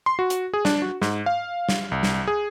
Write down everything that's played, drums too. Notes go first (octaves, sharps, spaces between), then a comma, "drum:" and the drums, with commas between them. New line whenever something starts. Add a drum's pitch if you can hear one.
C6
F#4
drum: hi-hat
G#4
D4, drum: snare
F#4
G#2, drum: snare
F5
drum: snare
C2
drum: snare
G#4